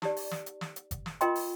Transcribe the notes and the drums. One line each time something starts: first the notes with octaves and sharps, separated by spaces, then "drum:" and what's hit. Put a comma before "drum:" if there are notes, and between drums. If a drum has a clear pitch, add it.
D#4 G4 D5, drum: snare
drum: open hi-hat
drum: snare
drum: hi-hat
drum: snare
drum: hi-hat
drum: kick G1, hi-hat
drum: snare
F4 A#4 D#5 G5 C6, drum: hi-hat
drum: open hi-hat